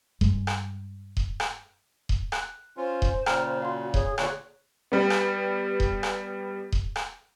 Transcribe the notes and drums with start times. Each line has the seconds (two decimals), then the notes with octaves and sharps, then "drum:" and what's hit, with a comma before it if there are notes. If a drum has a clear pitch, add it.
0.21 G2 G#3, drum: kick D#1
0.47 drum: rim click
1.17 drum: kick D#1
1.40 drum: rim click
2.09 drum: kick D#1
2.32 F#6, drum: rim click
2.77 C#4 F4 C5
3.02 drum: kick D#1
3.26 A#2 C#3 G5 A#5 F6, drum: rim click
3.62 F#4 F5 C6
3.94 G#4 C#5, drum: kick D#1
4.18 D2 A#2 D3 G#4 C#5 F#6, drum: rim click
4.92 G3 B3
5.10 drum: rim click
5.80 drum: kick D#1
6.03 drum: rim click
6.72 drum: kick D#1
6.96 drum: rim click